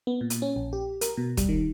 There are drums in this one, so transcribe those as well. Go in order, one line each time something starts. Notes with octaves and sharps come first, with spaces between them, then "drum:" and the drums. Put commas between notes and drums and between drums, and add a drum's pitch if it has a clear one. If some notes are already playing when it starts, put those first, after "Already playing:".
B3
A#2
drum: hi-hat
C#4
A#1
G4
A#4, drum: hi-hat
B2
G3, drum: kick, hi-hat
D#3